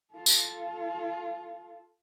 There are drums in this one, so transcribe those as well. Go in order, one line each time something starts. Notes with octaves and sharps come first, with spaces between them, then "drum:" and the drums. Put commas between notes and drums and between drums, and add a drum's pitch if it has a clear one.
F4 A4
drum: tambourine